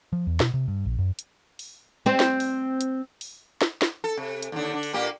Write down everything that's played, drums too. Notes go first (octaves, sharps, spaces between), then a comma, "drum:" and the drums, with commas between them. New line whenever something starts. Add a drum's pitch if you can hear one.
F3
E2
B2, drum: snare
C3
G2
A#1
F#2
drum: hi-hat
drum: open hi-hat
C4 C5
drum: snare
drum: open hi-hat
drum: hi-hat
drum: open hi-hat
drum: snare
drum: snare
A4
C3
drum: hi-hat
D#2 D3
D3
drum: open hi-hat
A#2 A#3 G4